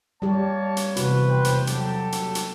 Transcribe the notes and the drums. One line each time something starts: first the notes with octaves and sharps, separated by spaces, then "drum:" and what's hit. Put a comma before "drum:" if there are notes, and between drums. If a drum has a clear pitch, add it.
G3 A#3 G4 C#5 A5
drum: hi-hat
E2 C3 F#4 B4, drum: hi-hat
C5 G5
drum: hi-hat
F#3 G4 A4, drum: hi-hat
drum: hi-hat
drum: hi-hat